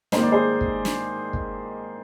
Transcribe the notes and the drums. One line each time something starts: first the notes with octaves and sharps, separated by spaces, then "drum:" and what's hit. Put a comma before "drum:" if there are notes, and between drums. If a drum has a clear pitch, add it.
G#2 D#3 A#3 C5, drum: snare
D5
G#4 C5
drum: kick
drum: snare
drum: kick